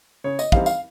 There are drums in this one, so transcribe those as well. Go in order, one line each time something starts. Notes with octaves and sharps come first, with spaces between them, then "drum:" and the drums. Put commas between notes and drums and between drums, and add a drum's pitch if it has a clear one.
C#3 C#5
D#5, drum: tambourine
E3 G3 C4 D#4 F5, drum: kick
F5, drum: tambourine